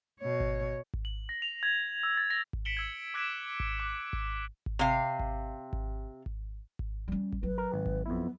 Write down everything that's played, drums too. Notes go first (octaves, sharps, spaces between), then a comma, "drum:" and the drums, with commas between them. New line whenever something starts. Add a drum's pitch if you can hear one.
B2 C#5
drum: kick G#1
drum: kick G#1
F#7
A#6
F7
G#6
E6
A6
A#6
drum: kick G#1
B6 C#7 D7 E7 F#7 G7
E6 G#6
D6 F#6 G#6 B6 D7 E7
drum: kick G#1
D6 F#6
drum: kick G#1
drum: kick G#1
C3 F5
drum: kick G#1
drum: kick G#1
drum: kick G#1
drum: kick G#1
G3 C#4
drum: kick G#1
F#3 B4
A#4
G#1
drum: kick G#1
F2 B3 E4